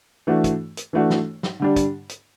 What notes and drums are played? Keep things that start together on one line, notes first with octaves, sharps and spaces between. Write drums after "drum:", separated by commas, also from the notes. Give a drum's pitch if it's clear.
E3 A3 D4 F#4
drum: kick, hi-hat
drum: hi-hat
E3 A3 D4 F#4
drum: snare
drum: snare
D3 G3 D4
drum: kick, hi-hat
drum: hi-hat